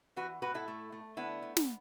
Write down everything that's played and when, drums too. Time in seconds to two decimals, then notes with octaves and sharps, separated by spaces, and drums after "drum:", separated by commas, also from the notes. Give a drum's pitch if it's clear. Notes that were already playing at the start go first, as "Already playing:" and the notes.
0.16 E3 F#4 B4
0.42 A2 F#4 B4
0.54 E4 A4
0.68 A3
0.92 A3
1.17 D3 B3 E4
1.42 A3
1.57 drum: snare